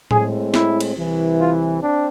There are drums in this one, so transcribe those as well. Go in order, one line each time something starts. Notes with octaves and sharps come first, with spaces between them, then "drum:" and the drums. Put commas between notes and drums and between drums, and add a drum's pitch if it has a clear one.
A2 G#3 C4 G#4, drum: tom A2
E4, drum: snare
drum: cymbal
C2 C3 E3
F4
C4 D4